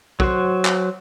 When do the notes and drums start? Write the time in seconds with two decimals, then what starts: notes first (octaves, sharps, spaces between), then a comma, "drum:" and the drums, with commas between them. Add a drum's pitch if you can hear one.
0.20 F#3 F#4 C5, drum: kick
0.65 drum: clap